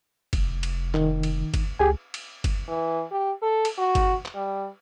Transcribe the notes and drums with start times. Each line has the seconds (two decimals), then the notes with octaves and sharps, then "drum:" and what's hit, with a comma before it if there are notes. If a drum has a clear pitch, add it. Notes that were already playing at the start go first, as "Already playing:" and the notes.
0.33 F1, drum: kick G1, cymbal
0.63 drum: cymbal
0.94 D#3, drum: clap
1.23 drum: cymbal
1.54 drum: kick G1, cymbal
1.79 C#2 G4 G#4 G#5
2.14 drum: cymbal
2.44 drum: kick G1, cymbal
2.68 E3
3.11 G4
3.42 A4
3.65 drum: cymbal
3.78 F#4
3.95 drum: kick G1, cymbal
4.25 drum: clap
4.35 G3